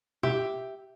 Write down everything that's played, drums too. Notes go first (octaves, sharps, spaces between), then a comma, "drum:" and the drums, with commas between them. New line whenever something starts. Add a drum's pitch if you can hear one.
G4 E5, drum: tom B2